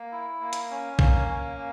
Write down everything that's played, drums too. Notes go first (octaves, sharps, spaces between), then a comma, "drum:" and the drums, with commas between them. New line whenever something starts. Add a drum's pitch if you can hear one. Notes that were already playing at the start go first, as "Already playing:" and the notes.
Already playing: A#3
E4
A#3
drum: hi-hat
C#4
A#3, drum: kick
C#4
A#3